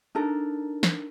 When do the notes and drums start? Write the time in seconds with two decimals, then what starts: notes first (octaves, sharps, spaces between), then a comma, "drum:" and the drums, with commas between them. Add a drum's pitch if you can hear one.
0.15 D4 D#4 A4 A#4
0.83 drum: snare